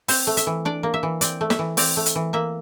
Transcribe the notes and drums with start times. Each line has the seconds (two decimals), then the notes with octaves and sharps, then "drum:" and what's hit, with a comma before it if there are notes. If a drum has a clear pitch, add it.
0.08 C4 C5, drum: open hi-hat
0.27 A3
0.37 E5, drum: hi-hat
0.47 E3
0.65 D4 D5
0.83 A#3
0.94 E5
1.03 E3
1.21 C4 D5, drum: hi-hat
1.41 A3
1.50 E5, drum: snare
1.59 E3
1.77 C4 D5, drum: open hi-hat
1.97 A3
2.06 drum: hi-hat
2.16 E3
2.33 A#3 E5